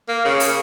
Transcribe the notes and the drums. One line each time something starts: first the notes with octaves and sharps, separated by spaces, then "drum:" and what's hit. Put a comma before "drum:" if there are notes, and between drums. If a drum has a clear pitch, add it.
A#3
C#3
drum: open hi-hat